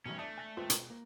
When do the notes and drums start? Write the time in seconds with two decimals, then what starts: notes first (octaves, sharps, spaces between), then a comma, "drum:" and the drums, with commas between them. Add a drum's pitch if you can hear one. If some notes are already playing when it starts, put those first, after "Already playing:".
0.06 A1 G2 B2 D#3 E3 F#3 C#4
0.19 E2 A3 D4 D5 E5 A5 D#6 C#7
0.38 G#5 F#6 A#6
0.57 D#2 G#2 C4 F4 B4
0.70 B2 G#3 G#4 A#5 D#6, drum: hi-hat
0.90 A#3